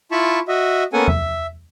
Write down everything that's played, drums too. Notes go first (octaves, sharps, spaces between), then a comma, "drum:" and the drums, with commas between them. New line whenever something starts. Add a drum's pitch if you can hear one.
E4 F4 A5 B5 C#6
F#4 D#5 E5
A#3 B3 C#4 A4 F#5 G#5
E5, drum: tom E2